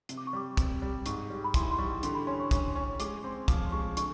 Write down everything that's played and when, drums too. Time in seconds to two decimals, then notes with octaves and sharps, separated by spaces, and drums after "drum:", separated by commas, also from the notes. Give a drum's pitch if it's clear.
0.09 C3, drum: hi-hat
0.18 D6
0.27 C#6
0.33 G3 D6
0.57 C3, drum: kick, hi-hat
0.82 G3
1.06 G#2 C#6, drum: hi-hat
1.30 G3
1.44 B5
1.54 E3 C6, drum: kick, hi-hat
1.71 C6
1.78 G3 C#6
2.03 D3 C6, drum: hi-hat
2.15 B5
2.27 C#4 C6
2.40 C#6
2.51 C#4 C#6, drum: kick, hi-hat
2.75 C#4 C#6
3.00 G#3 D6, drum: hi-hat
3.24 C4 C6
3.48 F3 D6, drum: kick, hi-hat
3.72 G#3 C#6
3.97 D3 C#6, drum: hi-hat